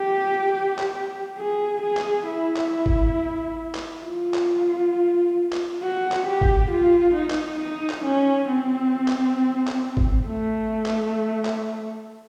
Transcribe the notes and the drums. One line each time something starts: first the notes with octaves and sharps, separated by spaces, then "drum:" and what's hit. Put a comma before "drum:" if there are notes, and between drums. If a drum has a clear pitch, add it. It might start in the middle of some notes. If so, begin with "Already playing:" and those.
Already playing: G4
drum: clap
G#4
G#4
drum: clap
E4
drum: clap
drum: kick G#1
drum: clap
F4
drum: clap
drum: clap
F#4
drum: clap
G4
drum: kick G#1
F4
D#4
drum: clap
D#4
drum: clap
C#4
C4
drum: clap
drum: clap
drum: kick G#1
A3
drum: clap
drum: clap